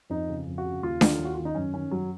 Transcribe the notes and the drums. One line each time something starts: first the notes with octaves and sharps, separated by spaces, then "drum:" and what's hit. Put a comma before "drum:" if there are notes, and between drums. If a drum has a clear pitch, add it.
F2 D#4
C#3
F2
F#4
C#3
D#2 F4
D#3, drum: snare D4
D#2
F#4
D#3 F4
D#4
F#2 C#4
D#3 C#4
F#2 F#3